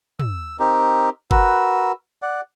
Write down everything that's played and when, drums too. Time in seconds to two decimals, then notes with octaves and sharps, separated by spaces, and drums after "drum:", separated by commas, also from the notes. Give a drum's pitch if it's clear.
0.19 E6, drum: tom
0.59 C4 D#4 G4 A#4
1.31 F#4 A#4 B4 E6, drum: kick F#1
2.22 D5 F#5